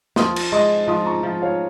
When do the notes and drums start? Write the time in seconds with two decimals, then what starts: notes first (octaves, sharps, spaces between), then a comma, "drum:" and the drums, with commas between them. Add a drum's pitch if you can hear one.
0.16 F3 C6 D#6, drum: snare
0.36 drum: cymbal
0.52 G#3 C6 D#6
0.88 F3 C6 D#6
1.06 A#5 C#6
1.23 F3
1.42 C#5 F5